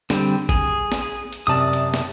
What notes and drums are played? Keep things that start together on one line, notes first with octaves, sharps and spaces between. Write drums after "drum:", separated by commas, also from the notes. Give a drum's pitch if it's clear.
D3 G3 C4, drum: snare
G#4, drum: kick, hi-hat
drum: snare
drum: hi-hat
F#2 C3 D5 A5 D#6
drum: hi-hat
drum: snare